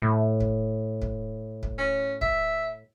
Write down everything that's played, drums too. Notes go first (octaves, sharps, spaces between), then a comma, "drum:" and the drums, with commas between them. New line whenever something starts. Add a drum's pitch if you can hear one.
A2
drum: kick
drum: kick
drum: kick
C#4
E5, drum: kick